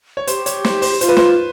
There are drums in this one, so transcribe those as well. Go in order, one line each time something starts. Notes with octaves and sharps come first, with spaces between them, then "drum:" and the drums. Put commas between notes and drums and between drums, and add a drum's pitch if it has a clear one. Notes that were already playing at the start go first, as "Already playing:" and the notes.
C#5
G4 C5, drum: hi-hat
C#5, drum: hi-hat
C5, drum: snare
C5, drum: open hi-hat
F4 C5, drum: hi-hat
B4
C5, drum: snare